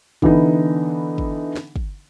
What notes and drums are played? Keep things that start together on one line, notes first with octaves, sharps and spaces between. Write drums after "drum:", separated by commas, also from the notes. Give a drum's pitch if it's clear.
D3 E3 B3 D#4, drum: kick
drum: kick
drum: snare
drum: kick